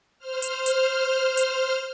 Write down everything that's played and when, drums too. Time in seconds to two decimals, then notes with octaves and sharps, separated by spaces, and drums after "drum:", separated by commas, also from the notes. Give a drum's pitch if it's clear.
0.18 C5 F6
0.42 drum: hi-hat
0.66 drum: hi-hat
1.37 drum: hi-hat